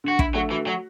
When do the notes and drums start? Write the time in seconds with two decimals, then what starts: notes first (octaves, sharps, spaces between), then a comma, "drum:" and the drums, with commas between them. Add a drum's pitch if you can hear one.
0.04 D3 F#4
0.19 D3 E4, drum: kick
0.35 F#3 A3
0.51 E3 F#4
0.67 F#3